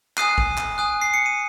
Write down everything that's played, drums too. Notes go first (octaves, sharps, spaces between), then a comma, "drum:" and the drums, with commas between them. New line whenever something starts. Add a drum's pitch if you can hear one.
G#5 D#6 F#6 C7 D#7, drum: clap
drum: kick
drum: clap
G#5 D#6 F#6
C7
C#7
D#7